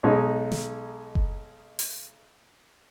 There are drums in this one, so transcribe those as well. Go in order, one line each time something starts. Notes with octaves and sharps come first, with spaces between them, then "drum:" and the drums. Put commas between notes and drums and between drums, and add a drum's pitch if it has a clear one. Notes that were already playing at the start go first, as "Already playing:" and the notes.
B1 G#3 D#4
drum: snare
drum: kick F#1
drum: open hi-hat